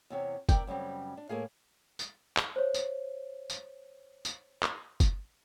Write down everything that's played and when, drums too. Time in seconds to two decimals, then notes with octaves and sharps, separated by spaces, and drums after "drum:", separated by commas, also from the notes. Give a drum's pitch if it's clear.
0.10 E2 C3 C#5
0.49 C3 A#4 D5 G5, drum: kick, tambourine
0.67 F#2 C#3 G3 C4
1.17 D4
1.29 A2 A#3 G#4 F5
1.99 drum: tambourine
2.37 drum: clap
2.56 C5 C#5
2.74 drum: tambourine
3.50 drum: tambourine
4.25 drum: tambourine
4.63 drum: clap
5.00 drum: kick, tambourine